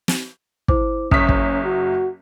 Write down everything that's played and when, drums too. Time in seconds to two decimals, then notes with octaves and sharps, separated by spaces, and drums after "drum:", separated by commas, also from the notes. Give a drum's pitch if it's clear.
0.08 drum: snare
0.68 E4 C5 D6, drum: kick
1.11 F#1 C#4 C#6 D#6 B6, drum: kick
1.29 drum: kick
1.65 F#4